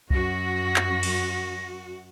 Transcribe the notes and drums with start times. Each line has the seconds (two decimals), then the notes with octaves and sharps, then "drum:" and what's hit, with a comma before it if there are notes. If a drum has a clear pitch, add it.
0.10 F#2 F#4 A#6, drum: kick C2
0.76 drum: clap
1.03 drum: cymbal